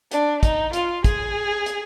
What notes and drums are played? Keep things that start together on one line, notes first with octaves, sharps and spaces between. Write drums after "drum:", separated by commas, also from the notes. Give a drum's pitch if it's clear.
D4, drum: hi-hat
D#4, drum: kick, hi-hat
F4, drum: hi-hat
G#4, drum: kick, hi-hat
drum: hi-hat